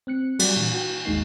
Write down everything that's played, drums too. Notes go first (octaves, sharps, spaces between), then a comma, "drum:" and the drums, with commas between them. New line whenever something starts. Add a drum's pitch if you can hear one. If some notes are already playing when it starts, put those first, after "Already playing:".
C4 F#6 C#7
F#3 G3 F#4 G4 D5, drum: cymbal
A#2 E3
F#4 G5
G#1 D#2 G#3 A#3 D#4 C7